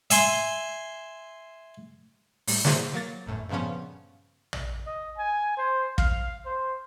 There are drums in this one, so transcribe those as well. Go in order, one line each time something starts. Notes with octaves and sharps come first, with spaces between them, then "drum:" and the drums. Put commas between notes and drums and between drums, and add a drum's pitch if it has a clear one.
E5 G#5 C6, drum: hi-hat
A2 G3, drum: open hi-hat
A#3 E4 F#4 G#4 C5, drum: snare
F#3 A#3 A6 A#6
G1 F#2 A2
G2 A#2 C#3 F3 B3 C#4
drum: tom
D#5
G#5
C5
F5, drum: kick
C5